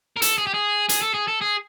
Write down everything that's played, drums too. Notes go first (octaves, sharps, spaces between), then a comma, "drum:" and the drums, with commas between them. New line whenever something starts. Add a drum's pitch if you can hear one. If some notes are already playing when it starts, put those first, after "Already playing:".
A#4
A4, drum: hi-hat
G#4
G4
G#4
G#4, drum: hi-hat
A4
G#4
A4
G#4